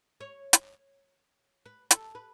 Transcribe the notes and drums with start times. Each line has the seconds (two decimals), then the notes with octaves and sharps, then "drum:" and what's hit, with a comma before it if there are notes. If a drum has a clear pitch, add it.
0.20 C#5
0.53 drum: hi-hat
1.66 B4
1.91 A4, drum: hi-hat
2.15 B4